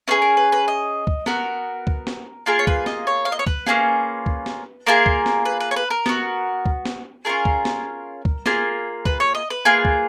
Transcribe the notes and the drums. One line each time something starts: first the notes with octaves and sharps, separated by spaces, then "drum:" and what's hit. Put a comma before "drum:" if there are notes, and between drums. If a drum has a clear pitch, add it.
C#4 F4 G#4 B4
A#4
B4
B4
D#5
drum: kick C#2
B3 F#4 A#4, drum: snare B3
drum: kick C#2
drum: snare B3
A#3 F4 G#4 A#4
C#5
B4, drum: kick C#2
D#5, drum: snare B3
C#5
F5
D#5
C#5
B4, drum: kick C#2
A#3 C#4 F4 G#4, drum: snare B3
drum: kick C#2
drum: snare B3
A#3 F4 G#4 A#4
drum: kick C#2
drum: snare B3
B4
B4
C#5
B4
A#4
B3 F#4, drum: snare B3
drum: kick C#2
drum: snare B3
C#4 F4 G#4 A#4
drum: kick C#2
drum: snare B3
drum: kick C#2
A#3 F4 G#4, drum: snare B3
B4, drum: kick C#2
C#5
D#5
B4
A#3 F4 G#4
drum: kick C#2